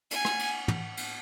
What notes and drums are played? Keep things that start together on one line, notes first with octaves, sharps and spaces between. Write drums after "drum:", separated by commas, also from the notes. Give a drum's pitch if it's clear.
G#5, drum: cymbal
drum: rim click
drum: cymbal
drum: tom
drum: cymbal